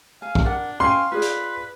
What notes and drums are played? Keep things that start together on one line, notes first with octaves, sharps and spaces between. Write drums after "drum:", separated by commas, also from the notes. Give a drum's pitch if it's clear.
F5 G#5
drum: kick
D4 A#4 F#5
C#4 F5 G5 G#5 C6
F4 G#4 B4 D5
drum: hi-hat